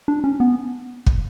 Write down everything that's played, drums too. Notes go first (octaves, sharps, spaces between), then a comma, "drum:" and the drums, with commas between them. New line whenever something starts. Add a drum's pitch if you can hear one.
D4
C#4
B3
drum: kick